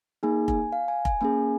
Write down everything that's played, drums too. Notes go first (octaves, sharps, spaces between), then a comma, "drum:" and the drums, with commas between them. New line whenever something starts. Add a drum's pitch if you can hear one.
A#3 D#4 G#4 G#5
G#5, drum: kick F1
F5
G#5
G#5, drum: kick F1
A#3 C#4 G#4 G#5